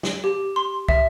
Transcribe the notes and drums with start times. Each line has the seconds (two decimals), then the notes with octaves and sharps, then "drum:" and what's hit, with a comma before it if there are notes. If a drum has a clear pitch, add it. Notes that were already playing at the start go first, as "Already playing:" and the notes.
0.03 drum: snare
0.24 G4
0.56 C6
0.89 E5, drum: kick